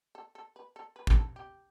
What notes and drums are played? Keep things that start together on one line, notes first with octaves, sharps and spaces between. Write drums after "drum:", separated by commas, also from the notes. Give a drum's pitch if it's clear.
A4
A4
B4
A4
B4
G4, drum: kick
A4
G4